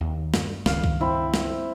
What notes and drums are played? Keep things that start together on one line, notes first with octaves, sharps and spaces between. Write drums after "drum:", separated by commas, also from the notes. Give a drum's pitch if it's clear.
D#2
G2, drum: snare
C#2 G2 D#3 F5, drum: snare
drum: kick
C4 E4
drum: snare